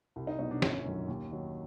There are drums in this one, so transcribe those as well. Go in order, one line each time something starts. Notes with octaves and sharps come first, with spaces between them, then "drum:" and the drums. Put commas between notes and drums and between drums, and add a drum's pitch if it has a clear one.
C2
D#4
B2 F#3 D#4
D4
G1 C#4, drum: snare
F#2 D#3 F#3
D#2
D#3 F#3